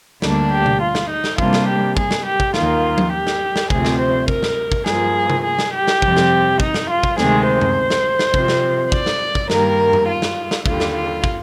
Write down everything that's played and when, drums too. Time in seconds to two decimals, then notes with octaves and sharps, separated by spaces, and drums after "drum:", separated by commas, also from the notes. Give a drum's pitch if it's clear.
0.22 D2 D3 G3 A#3 D4, drum: snare
0.51 G4
0.66 drum: tom B2
0.81 F4
0.95 drum: snare
1.10 D#4
1.24 drum: snare
1.38 C3 G3 A#3 D4 F4, drum: kick
1.53 drum: snare
1.67 G4
1.97 G#4, drum: kick
2.11 drum: snare
2.26 G4
2.40 drum: kick
2.54 D#2 D#3 A#3 F4, drum: snare
2.98 drum: tom F3
3.12 G4
3.27 drum: snare
3.56 drum: snare
3.70 D2 C3 F3 C4 G#4, drum: kick
3.85 drum: snare
3.99 C5
4.28 A#4, drum: kick
4.43 drum: snare
4.72 drum: kick
4.86 G2 F3 A#3 G#4, drum: snare
5.30 drum: tom C3
5.44 G#4
5.59 drum: snare
5.73 G4
5.88 drum: snare
6.02 F2 C3 G3 C4, drum: kick
6.16 drum: snare
6.60 D#4, drum: kick
6.74 drum: snare
6.89 F4
7.03 drum: kick
7.18 D2 C3 D#3 G#3 C4 G#4, drum: snare
7.47 C5
7.61 drum: tom F#2
7.90 drum: snare
8.19 drum: snare
8.34 C3 F3 C4, drum: kick
8.48 drum: snare
8.92 D5, drum: kick
9.06 drum: snare
9.35 drum: kick
9.50 G2 D#3 G3 A#3 A#4, drum: snare
9.93 drum: tom F#2
10.08 F4
10.22 drum: snare
10.51 drum: snare
10.66 D#2 D3 G3 F4, drum: kick
10.80 drum: snare
10.94 F4
11.24 drum: kick